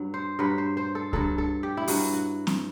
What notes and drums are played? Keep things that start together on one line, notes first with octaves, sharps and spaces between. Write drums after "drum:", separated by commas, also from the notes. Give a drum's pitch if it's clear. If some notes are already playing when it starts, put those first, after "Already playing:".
Already playing: G2 F#3
C5
G2 F#3 B4
C5
C5
A4
G2 F#3 A4, drum: kick C#2
A4
G4
E4
G2 F#3 F#4, drum: open hi-hat
F#4
drum: snare C4